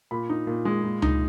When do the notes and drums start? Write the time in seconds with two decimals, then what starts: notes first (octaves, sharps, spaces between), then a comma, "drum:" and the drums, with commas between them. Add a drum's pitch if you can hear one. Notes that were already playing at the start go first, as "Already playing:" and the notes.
0.11 A#2 B5
0.29 D#4
0.47 A#2
0.65 G#3
0.84 A#2
1.02 D#4, drum: tom C#2